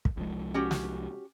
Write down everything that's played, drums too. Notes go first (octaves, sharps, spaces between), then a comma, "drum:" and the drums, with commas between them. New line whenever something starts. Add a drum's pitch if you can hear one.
drum: kick
C2 F3 G#3
C#4 F#4 G4
drum: snare